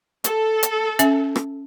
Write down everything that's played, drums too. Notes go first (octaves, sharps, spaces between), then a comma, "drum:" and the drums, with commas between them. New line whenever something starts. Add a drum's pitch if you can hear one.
A4, drum: hi-hat
drum: hi-hat
C#4 E5, drum: hi-hat
drum: rim click